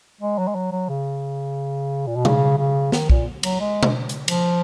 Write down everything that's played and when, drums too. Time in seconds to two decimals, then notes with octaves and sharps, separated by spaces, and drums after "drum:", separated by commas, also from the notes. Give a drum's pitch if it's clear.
0.21 G#3
0.38 F#3
0.48 G#3
0.55 F#3
0.72 F#3
0.89 C#3
2.07 A#2
2.16 B2
2.25 C#3, drum: tom B2
2.58 C#3
2.92 D#3, drum: snare
3.09 A#2, drum: kick B1
3.43 F#3, drum: cymbal
3.60 G#3
3.83 drum: tom B2
4.09 drum: hi-hat
4.28 F3, drum: cymbal